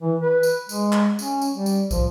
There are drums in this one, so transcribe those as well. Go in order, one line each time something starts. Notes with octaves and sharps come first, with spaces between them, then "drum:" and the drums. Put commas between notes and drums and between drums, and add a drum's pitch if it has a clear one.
E3
B4
drum: tambourine
G#3, drum: tambourine
drum: clap
C#4, drum: tambourine
drum: tambourine
G3
drum: tambourine
F3, drum: kick, tambourine